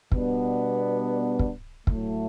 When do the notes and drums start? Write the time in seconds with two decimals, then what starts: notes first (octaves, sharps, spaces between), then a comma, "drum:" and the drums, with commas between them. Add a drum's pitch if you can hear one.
0.12 B2 G3 B3 D4, drum: kick
1.39 drum: kick
1.87 A2 F#3 A3, drum: kick